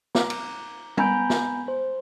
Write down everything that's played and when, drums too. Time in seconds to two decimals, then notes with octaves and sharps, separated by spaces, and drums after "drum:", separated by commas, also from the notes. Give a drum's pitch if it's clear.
0.15 A#5 D6, drum: snare
0.30 drum: cymbal
0.97 B3 G#5 A#5 B5 G6 D7, drum: tom G3
1.30 drum: snare
1.68 C5